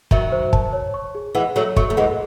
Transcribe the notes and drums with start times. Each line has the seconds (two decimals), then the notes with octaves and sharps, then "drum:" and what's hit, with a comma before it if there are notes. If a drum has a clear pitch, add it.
0.11 D#3 F#3 E5, drum: kick
0.32 C5
0.53 A5, drum: kick
0.73 C#5
0.94 C#6
1.15 G#4
1.35 E3 G#3 F#5
1.56 F#3 A3 C#5
1.76 F#3 A3 C#6, drum: kick
1.90 A3
1.97 E3 G#3 F#5